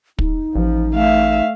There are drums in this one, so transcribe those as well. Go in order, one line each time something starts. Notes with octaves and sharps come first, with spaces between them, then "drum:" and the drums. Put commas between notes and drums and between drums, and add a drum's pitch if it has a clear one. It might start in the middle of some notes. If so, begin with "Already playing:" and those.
D#4, drum: kick
A1 F3
A3 E5 F5